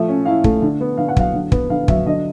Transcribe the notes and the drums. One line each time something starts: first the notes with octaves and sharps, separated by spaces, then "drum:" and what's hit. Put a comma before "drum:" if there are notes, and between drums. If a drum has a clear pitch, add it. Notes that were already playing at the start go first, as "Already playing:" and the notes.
Already playing: F3 A3 E5
C#4
E4 F5
A3, drum: kick
D3
B3
D3 F5
F#5
F#3 F5, drum: kick
D3
B3, drum: kick
D3 F5
F#3 E5, drum: kick
D3 D#5